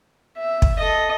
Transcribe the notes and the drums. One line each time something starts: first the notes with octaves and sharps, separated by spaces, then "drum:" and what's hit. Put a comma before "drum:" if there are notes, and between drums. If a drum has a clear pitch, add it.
E5
drum: kick
A4 D#5